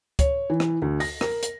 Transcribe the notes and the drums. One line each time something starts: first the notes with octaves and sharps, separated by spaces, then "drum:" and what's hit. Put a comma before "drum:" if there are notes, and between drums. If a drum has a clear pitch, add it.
C#5, drum: kick C#2, hi-hat
E3
drum: rim click
D2
A#6, drum: open hi-hat
A#4, drum: rim click
drum: hi-hat